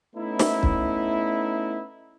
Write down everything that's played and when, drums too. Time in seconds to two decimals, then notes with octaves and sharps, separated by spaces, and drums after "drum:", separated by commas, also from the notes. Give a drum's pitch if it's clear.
0.16 A3 B3 C#4 D#4 E4
0.39 drum: snare
0.63 drum: kick